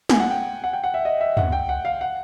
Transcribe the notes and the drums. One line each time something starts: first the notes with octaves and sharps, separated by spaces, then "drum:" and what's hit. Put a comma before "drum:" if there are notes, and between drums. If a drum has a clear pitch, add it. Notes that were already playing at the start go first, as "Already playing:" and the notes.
G#5, drum: snare
F#5
G5
F#5
G5
F#5
E5
D#5
E5
F#5, drum: tom
G5
F#5
F5
F#5